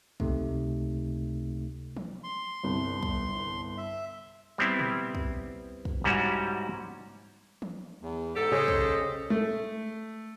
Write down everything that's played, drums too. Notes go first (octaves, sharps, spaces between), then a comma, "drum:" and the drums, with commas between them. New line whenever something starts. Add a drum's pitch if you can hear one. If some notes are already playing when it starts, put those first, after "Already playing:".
C#2 C3 A3 D#4, drum: kick
drum: tom
C6
G1 C2
drum: kick
E5
G3 B3 C4 E4
drum: tom
drum: kick
drum: kick
G#2 G3 C#4 E4 F#4
drum: tom
E2
G#2 G4 A4
C#3 G#4 C5 D#5
drum: kick
A3